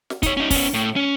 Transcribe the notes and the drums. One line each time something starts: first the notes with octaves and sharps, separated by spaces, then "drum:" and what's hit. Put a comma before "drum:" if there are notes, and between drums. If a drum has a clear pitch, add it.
drum: snare
D#4 C#5, drum: kick, hi-hat
C#4 D#4
B3 C#4, drum: kick, open hi-hat
A2
C#4